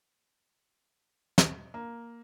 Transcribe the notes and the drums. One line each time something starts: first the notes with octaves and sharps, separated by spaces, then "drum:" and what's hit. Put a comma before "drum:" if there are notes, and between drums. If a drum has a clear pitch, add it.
drum: snare
A#3